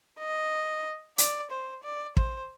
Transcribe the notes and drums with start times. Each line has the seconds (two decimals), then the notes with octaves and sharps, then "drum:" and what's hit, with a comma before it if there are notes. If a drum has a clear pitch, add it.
0.20 D#5
1.18 D5, drum: hi-hat
1.51 C5
1.84 D5
2.17 C5, drum: kick